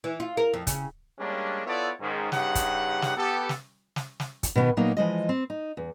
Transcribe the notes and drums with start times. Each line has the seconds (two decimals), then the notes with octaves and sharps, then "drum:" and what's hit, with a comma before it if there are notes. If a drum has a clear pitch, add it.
0.04 E3
0.20 F4
0.37 A#4
0.54 F2
0.67 C#3, drum: kick, hi-hat
1.18 G3 G#3 A#3 C#4 D4
1.66 B3 E4 F4 A4 C#5 D5
2.00 G#2 D#3 C#4
2.32 G2 C#3 D#4 G4 F#5, drum: snare
2.55 drum: kick, hi-hat
3.02 drum: snare
3.17 B3 G4 A4
3.49 drum: snare
3.96 drum: snare
4.20 drum: snare
4.43 drum: kick, hi-hat
4.55 B2 D#3 B3
4.77 A#2 F#3 A#3 B3 D#4
4.97 E3 F3 G#3 D#5
5.29 C4
5.50 D#4
5.77 E2